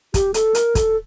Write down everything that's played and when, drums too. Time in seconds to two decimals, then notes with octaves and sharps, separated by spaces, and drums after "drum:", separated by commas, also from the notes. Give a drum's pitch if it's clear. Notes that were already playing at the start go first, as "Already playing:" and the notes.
0.14 G4, drum: kick, hi-hat
0.34 A4, drum: hi-hat
0.55 A#4, drum: hi-hat
0.75 A4, drum: kick, hi-hat